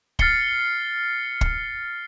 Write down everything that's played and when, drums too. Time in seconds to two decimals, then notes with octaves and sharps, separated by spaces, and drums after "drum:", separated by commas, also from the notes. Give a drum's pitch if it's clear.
0.19 F6 A6 C7 C#7 G7, drum: kick
1.41 drum: kick